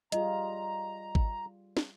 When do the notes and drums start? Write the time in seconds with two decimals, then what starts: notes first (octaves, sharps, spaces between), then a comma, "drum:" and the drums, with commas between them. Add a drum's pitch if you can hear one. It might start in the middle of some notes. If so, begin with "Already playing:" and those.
0.12 G3 F4 G#4 D#5 A#5, drum: hi-hat
1.15 drum: kick G#1
1.77 drum: snare